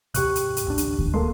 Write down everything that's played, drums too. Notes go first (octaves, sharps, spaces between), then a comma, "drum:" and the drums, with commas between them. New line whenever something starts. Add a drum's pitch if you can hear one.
D#2 G#2 C3 G4 C#6 F#6, drum: hi-hat
drum: hi-hat
drum: hi-hat
A1 D2 D4
drum: hi-hat
drum: kick D2
G#3 A#3 A4 C6